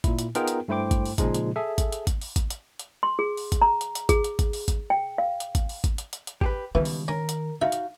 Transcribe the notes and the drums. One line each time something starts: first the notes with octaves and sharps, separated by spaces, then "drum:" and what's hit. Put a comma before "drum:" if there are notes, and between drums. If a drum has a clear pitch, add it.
A#2 E4, drum: kick G#1, hi-hat
drum: hi-hat
B3 D#4 F4 G#4 A#4 G5, drum: hi-hat
drum: hi-hat
G2 A3 E4 C5 G5 D6
drum: kick G#1, hi-hat
drum: open hi-hat
A#2 C#3 F3 G#3 D#4, drum: kick G#1, hi-hat
drum: hi-hat
G#4 A4 E5
drum: kick G#1, hi-hat
drum: hi-hat
drum: kick G#1, hi-hat
drum: open hi-hat
drum: kick G#1, hi-hat
drum: hi-hat
drum: hi-hat
C6
G#4
drum: open hi-hat
drum: kick G#1, hi-hat
A#5
drum: hi-hat
drum: hi-hat
G#4, drum: kick G#1, hi-hat
drum: hi-hat
drum: kick G#1, hi-hat
drum: open hi-hat
drum: kick G#1, hi-hat
G5
F5
drum: hi-hat
drum: kick G#1, hi-hat
drum: open hi-hat
drum: kick G#1, hi-hat
drum: hi-hat
drum: hi-hat
drum: hi-hat
G4 G#4 B4, drum: kick G#1
C#2 B2 D#3 E3 G3
drum: open hi-hat
C#4 A#4
drum: hi-hat
D#4 F#4 E5 F5
drum: hi-hat